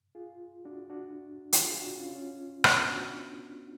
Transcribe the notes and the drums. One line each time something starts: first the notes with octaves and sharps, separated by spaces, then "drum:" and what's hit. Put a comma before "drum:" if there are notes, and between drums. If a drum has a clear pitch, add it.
F4 G#4
D4 F#4
D4 F#4
drum: hi-hat
F4 G#4
D4 F#4
C#4 F4
C#4 F4
B3 D4, drum: rim click
D4 F#4